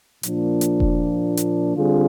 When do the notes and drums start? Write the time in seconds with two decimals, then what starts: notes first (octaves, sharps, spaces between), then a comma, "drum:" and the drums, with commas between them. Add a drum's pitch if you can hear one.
0.23 A#2 F3 A#3 D4, drum: hi-hat
0.61 drum: hi-hat
0.80 drum: kick E1
1.37 drum: hi-hat
1.75 D3 G3 C4 F4 G#4